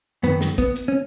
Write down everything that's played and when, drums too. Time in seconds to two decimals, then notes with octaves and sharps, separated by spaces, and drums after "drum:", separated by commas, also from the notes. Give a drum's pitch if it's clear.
0.23 F#2 D#3 B3, drum: hi-hat
0.41 drum: snare
0.58 B3, drum: kick, hi-hat
0.76 drum: hi-hat
0.88 C#4